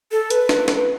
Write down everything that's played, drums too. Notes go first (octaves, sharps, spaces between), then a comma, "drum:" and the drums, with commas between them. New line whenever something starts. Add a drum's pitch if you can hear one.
A4
B4, drum: hi-hat
drum: snare
drum: snare